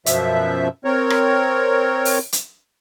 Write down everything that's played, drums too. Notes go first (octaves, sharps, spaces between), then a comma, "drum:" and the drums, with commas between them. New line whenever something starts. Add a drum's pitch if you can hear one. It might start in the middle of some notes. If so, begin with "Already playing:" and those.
F#2 B2 F3 E5, drum: hi-hat
C4 A#4 C#5
drum: rim click
drum: open hi-hat
drum: hi-hat